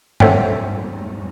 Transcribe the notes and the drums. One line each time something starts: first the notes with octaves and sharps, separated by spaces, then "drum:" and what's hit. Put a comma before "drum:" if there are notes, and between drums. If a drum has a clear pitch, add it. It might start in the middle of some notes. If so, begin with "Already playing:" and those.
A4 C5 C#5 E5 F#5 G5, drum: tom G2